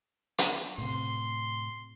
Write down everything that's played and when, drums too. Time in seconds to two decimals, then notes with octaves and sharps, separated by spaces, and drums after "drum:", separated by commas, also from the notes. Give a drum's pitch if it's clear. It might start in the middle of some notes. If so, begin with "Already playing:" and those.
0.38 drum: hi-hat
0.78 A2 C3 C6